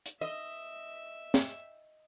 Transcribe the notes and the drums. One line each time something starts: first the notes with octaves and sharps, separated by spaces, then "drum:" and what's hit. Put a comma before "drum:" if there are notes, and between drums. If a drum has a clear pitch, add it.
drum: hi-hat
D#5 E5
drum: snare